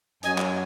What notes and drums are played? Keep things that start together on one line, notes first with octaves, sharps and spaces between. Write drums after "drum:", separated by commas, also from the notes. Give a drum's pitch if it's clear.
F#2 F#3 D#5 G#5, drum: hi-hat
drum: clap